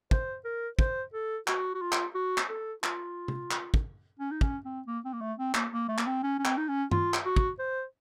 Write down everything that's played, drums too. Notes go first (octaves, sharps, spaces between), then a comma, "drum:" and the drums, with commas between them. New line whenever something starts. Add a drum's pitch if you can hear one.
C5, drum: kick
A#4
C5, drum: kick
A4
F#4, drum: clap
F#4
F4
drum: clap
F#4
drum: clap
A4
F4, drum: clap
drum: tom C3
drum: clap
drum: kick
C#4
D#4
C#4, drum: kick
C4
A#3
C4
A#3
A3
C4
A#3, drum: clap
A#3
A3
A#3, drum: clap
C4
C#4
C#4
C4, drum: clap
D#4
C#4
F4, drum: tom G2
drum: clap
F#4
drum: kick
C5